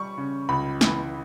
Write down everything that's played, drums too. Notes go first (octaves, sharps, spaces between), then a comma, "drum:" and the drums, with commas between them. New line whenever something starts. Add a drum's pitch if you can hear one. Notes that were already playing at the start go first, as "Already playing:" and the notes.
Already playing: G3 C#6
C#3
C#2 B5
E3, drum: snare